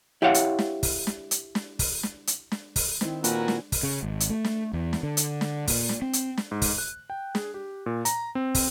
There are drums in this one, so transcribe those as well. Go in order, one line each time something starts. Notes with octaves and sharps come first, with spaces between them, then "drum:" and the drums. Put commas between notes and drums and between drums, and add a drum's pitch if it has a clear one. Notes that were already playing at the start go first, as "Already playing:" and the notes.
E4 G4 C#5 F5 F#5
drum: hi-hat
drum: snare
drum: kick, open hi-hat
drum: snare
drum: hi-hat
drum: snare
drum: kick, open hi-hat
drum: snare
drum: hi-hat
drum: snare
drum: kick, open hi-hat
D#3 C4 E4, drum: snare
A#2 F#4 A#4 B4 G#5, drum: hi-hat
drum: snare
drum: kick, open hi-hat
C#3
G#1
drum: hi-hat
A3
drum: snare
E2
drum: snare
D3
drum: hi-hat
drum: snare
A#2, drum: kick, open hi-hat
drum: snare
C4
drum: hi-hat
drum: snare
G#2
drum: kick, open hi-hat
F#6
G5
G#4, drum: snare
G4
A#2
A#5, drum: hi-hat
C4
drum: kick, open hi-hat